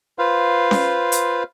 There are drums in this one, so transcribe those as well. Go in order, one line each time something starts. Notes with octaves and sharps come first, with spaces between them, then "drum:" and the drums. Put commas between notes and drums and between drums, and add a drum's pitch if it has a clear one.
F4 B4 C5 F5
drum: snare C#4
drum: hi-hat